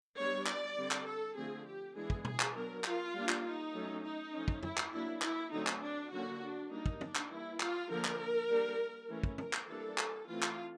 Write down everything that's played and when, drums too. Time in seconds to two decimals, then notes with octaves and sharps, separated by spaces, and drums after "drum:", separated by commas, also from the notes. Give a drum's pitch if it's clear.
0.16 G3 B3 D4 C#5
0.46 D5, drum: clap
0.77 D3 G3 C4
0.91 drum: clap
1.05 A4
1.35 D3 F3 A3 C4 G#4
1.65 G4
1.95 E3 G#3 B3 D4 G#4
2.10 drum: kick
2.25 G#4, drum: tom B2
2.40 drum: clap
2.54 F#3 B3 D4 A#4
2.84 F4, drum: clap
3.14 G3 A#3 D4
3.29 drum: clap
3.44 D#4
3.73 F#3 A3 C#4
4.03 D#4
4.33 F3 A3 C#4
4.48 drum: kick
4.63 E4, drum: tom F2
4.77 drum: clap
4.92 F#3 A#3 D4 E4
5.22 E4, drum: clap
5.51 D3 F#3 A3 C4 D#4
5.67 drum: clap
5.82 D4
6.11 D3 F#3 A#3 C#4 F#4
6.41 D4
6.71 G3 A#3 D4 D#4
6.86 drum: kick
7.01 D4, drum: tom
7.15 drum: clap
7.30 E3 G3 A#3 E4
7.60 F4, drum: clap
7.89 D3 F3 A#3 A#4
8.05 drum: clap
8.49 G3 A#3 D4
9.09 E3 A3 C#4
9.23 drum: kick
9.38 A#4, drum: tom
9.53 drum: clap
9.68 E3 G3 A#3 D4 A4
9.98 drum: clap
10.28 E3 A3 C4 F4
10.42 drum: clap